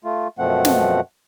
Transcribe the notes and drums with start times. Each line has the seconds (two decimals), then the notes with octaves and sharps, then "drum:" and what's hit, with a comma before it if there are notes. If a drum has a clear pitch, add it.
0.04 A3 F4
0.39 F#2 B2 F3 A3 C4 F#5
0.65 drum: snare